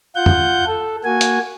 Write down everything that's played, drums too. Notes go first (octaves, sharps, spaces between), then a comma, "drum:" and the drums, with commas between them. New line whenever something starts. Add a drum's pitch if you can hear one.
F4 F#5 G6
drum: tom F2
A4
A#3 F#4 G#5
drum: hi-hat